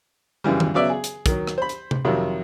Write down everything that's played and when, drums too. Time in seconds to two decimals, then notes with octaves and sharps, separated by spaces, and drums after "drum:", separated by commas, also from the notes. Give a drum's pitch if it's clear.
0.44 F#2 C#3 E3 G3
0.60 drum: tom D#3
0.74 C#3 F#3 B3 D5 E5
0.90 G#4
1.04 drum: hi-hat
1.26 D#3 F#3, drum: kick, hi-hat
1.47 drum: rim click
1.58 C5 B5
1.69 drum: hi-hat
1.91 drum: tom C3
2.05 F2 C3 D#3 F#3